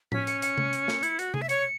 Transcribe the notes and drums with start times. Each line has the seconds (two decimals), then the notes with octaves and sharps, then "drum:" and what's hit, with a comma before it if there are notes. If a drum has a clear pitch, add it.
0.12 C#4 B6, drum: tom A2
0.27 C#7, drum: hi-hat
0.42 C#7, drum: hi-hat
0.58 drum: tom C3
0.73 drum: hi-hat
0.88 drum: snare
1.03 E4, drum: hi-hat
1.19 F#4, drum: hi-hat
1.34 G#4, drum: tom C3
1.42 E5
1.49 C#5 C#7, drum: hi-hat